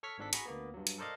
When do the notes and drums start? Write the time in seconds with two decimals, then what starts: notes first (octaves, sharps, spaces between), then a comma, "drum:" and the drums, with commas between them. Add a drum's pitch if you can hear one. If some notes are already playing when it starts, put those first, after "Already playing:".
0.03 A4 C#5 C#6 F6 B6
0.18 G#1 G#2 D4 A4 B6
0.33 F#4 G#4 A#5 B5 C#6, drum: hi-hat
0.45 D2 A#3 B3
0.74 G2 F#3
0.87 drum: hi-hat
0.98 A4 A#4 C5 D5 D#5 F5